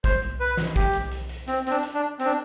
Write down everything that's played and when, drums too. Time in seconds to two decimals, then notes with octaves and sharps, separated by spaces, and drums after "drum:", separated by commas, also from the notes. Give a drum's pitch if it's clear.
0.04 C5, drum: kick, hi-hat
0.21 drum: hi-hat
0.40 B4
0.57 drum: snare
0.76 G4, drum: kick, hi-hat
0.93 drum: hi-hat
1.11 drum: hi-hat
1.29 drum: hi-hat
1.47 C4, drum: hi-hat
1.67 C4, drum: hi-hat
1.71 D4
1.83 drum: hi-hat
1.94 D4
2.19 C4, drum: hi-hat
2.26 D4